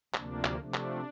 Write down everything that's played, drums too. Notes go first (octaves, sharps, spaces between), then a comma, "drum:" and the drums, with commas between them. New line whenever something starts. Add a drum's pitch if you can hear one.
D2 C3 F3 A#3 D4, drum: clap
drum: clap
C3 F3 A3 D4
drum: clap